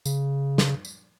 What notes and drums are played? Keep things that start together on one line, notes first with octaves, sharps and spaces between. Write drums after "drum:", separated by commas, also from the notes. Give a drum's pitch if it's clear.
C#3, drum: tambourine
drum: snare
drum: tambourine